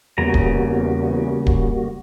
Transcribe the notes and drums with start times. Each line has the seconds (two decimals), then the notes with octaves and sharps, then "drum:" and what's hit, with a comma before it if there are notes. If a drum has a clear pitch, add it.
0.18 E2 C#3 G3 A#3 F#4 A#5
0.34 drum: kick D1
1.46 drum: kick D1